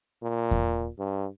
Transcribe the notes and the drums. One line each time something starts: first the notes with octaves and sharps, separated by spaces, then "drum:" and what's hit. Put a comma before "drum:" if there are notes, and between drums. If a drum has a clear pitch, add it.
A#2
drum: kick E2
G2